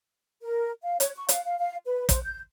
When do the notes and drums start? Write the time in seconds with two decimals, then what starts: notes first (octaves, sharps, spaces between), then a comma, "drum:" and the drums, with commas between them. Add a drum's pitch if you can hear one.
0.42 A#4
0.83 F5
1.00 C#5, drum: hi-hat
1.16 C#6
1.29 F5, drum: hi-hat
1.45 F5
1.59 F5
1.86 B4
2.09 C5, drum: kick, hi-hat
2.23 G6